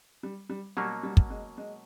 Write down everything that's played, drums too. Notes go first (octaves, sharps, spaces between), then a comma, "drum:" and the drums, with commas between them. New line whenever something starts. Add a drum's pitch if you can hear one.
G3
G3
B2 F#3 G3 A#3 C#4
G3
drum: kick
G#3
G#3